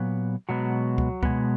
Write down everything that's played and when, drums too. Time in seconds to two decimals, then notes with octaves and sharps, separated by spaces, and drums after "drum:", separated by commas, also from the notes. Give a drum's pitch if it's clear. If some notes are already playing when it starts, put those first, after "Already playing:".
Already playing: A#2 F#3 B3
0.49 B2 F#3 G#3 B3 F#4
0.98 drum: kick C#2
1.23 B2 G#3 B3, drum: kick C#2